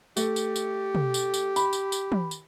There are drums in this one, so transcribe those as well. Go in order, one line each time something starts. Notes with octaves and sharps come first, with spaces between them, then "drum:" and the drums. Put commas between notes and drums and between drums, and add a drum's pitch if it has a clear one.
A3 G4, drum: tambourine
drum: tambourine
drum: tambourine
drum: tom
drum: tambourine
drum: tambourine
B5, drum: tambourine
drum: tambourine
drum: tambourine
drum: tom
drum: tambourine